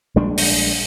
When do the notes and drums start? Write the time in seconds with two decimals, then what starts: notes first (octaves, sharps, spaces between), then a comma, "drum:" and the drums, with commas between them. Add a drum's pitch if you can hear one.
0.16 A#1 G3 G#3 D4
0.38 drum: open hi-hat